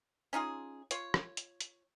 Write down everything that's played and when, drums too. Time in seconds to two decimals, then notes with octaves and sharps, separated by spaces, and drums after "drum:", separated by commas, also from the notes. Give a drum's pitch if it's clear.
0.33 C#4 D#4 F4 G#4
0.91 F4 C#5, drum: hi-hat
1.14 drum: rim click
1.37 drum: hi-hat
1.61 drum: hi-hat